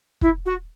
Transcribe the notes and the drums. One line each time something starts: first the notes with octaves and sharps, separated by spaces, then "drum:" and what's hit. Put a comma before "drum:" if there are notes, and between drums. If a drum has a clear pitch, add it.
E4, drum: kick
F#4